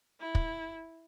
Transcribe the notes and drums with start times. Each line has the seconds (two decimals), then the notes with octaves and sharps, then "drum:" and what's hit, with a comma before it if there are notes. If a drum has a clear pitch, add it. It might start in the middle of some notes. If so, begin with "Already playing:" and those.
0.20 E4
0.35 drum: kick